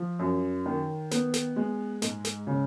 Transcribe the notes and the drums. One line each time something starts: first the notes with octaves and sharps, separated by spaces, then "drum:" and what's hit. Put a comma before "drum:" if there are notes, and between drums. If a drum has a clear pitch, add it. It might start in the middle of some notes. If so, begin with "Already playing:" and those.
Already playing: F3
F#2
D#3
B3, drum: snare
drum: snare
G#3
G#2, drum: snare
drum: snare
C#3